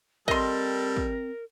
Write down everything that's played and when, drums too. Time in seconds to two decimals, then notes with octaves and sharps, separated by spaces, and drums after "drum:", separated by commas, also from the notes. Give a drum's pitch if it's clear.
0.28 G3 C4 A4 A#4 D#5 C6, drum: kick
0.96 drum: kick